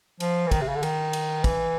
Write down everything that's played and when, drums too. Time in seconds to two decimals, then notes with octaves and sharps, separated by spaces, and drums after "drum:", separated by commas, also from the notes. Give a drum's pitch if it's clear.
0.20 F3, drum: cymbal
0.47 E3
0.51 D#3, drum: kick, cymbal
0.61 C3
0.68 C#3
0.75 D3
0.83 D#3, drum: cymbal
1.13 drum: cymbal
1.44 E3, drum: kick, cymbal